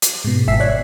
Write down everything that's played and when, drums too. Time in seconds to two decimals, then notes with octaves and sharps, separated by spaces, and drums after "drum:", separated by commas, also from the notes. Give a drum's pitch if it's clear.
0.02 drum: hi-hat
0.24 G#2 B2
0.48 G#1 E5 E6 B6 C7
0.60 C#5 D5 F#6 G#6